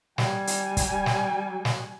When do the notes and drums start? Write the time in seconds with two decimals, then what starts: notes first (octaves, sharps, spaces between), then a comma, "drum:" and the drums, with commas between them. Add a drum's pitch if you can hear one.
0.18 G3 G#5, drum: snare
0.47 drum: hi-hat
0.77 drum: kick, hi-hat
1.06 drum: snare
1.65 drum: snare